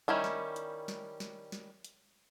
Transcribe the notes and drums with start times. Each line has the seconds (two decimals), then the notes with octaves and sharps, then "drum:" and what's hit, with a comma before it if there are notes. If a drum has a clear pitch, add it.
0.08 D#3 G3 C#4 E4
0.24 drum: snare
0.56 drum: hi-hat
0.88 drum: snare
1.20 drum: snare
1.52 drum: snare
1.84 drum: hi-hat